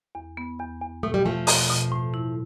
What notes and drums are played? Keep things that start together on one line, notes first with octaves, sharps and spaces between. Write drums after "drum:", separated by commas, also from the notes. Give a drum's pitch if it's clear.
E2
B3
E2
E2
B2 A3
G3
E2 F3 A3
B2, drum: open hi-hat
B2
A2
E4